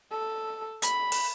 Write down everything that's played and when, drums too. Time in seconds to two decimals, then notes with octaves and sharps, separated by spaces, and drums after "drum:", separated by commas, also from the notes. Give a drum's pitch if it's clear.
0.11 A4
0.82 B5, drum: hi-hat
1.12 drum: open hi-hat